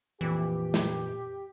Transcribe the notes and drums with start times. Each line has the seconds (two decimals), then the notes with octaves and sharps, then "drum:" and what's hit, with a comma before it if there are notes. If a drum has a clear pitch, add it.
0.21 F2 A#2 E3 G4 D6
0.74 drum: snare